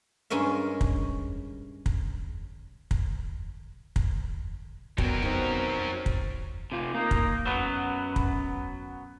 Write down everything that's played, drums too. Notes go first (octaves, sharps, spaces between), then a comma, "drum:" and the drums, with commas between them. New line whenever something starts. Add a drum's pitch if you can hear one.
G2 G#3 C#4 A#4 E5
drum: kick
drum: kick
drum: kick
drum: kick
B2 F#3 G3 A#4, drum: kick
F2 C4 D#4
drum: kick
C3 F4
A#3 D#4
drum: kick
F#2 F#3 B3 B4
drum: kick